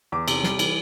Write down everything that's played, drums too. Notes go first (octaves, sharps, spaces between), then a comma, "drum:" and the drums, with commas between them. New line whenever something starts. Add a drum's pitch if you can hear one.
E2 D6
C3, drum: cymbal
G3, drum: snare
E3, drum: cymbal